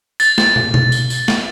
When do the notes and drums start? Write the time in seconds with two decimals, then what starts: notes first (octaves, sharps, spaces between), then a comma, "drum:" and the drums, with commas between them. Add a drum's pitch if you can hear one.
0.20 A6, drum: tambourine
0.38 drum: snare
0.56 drum: tom
0.74 drum: tom B2
0.92 drum: tambourine
1.10 drum: tambourine
1.28 drum: snare